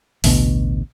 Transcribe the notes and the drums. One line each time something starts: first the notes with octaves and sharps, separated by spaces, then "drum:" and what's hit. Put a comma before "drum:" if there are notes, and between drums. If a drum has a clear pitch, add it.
A1 D2 B2, drum: open hi-hat